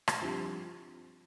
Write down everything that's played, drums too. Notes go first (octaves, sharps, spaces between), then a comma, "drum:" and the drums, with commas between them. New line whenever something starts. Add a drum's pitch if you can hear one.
drum: rim click
G2 F3 C4 G4